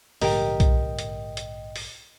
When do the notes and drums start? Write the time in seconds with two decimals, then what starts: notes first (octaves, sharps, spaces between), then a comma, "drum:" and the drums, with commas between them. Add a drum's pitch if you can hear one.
0.22 A#1 G#2 D3 G4 A#4 D#5 G5, drum: open hi-hat
0.60 drum: kick B1, hi-hat
0.99 drum: hi-hat
1.37 drum: hi-hat
1.76 drum: open hi-hat